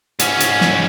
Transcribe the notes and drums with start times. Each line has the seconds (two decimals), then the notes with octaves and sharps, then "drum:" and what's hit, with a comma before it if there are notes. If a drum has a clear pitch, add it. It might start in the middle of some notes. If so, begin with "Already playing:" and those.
0.19 G#2 C#4, drum: hi-hat
0.40 drum: hi-hat
0.61 drum: snare